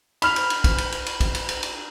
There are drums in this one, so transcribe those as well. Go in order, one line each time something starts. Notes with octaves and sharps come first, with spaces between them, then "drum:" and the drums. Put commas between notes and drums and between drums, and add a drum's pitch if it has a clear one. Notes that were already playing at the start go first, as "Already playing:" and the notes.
B5 F6 F7, drum: cymbal
drum: cymbal
drum: cymbal
drum: kick, cymbal
drum: cymbal
drum: cymbal
drum: cymbal
drum: kick, cymbal
drum: cymbal
drum: cymbal
drum: cymbal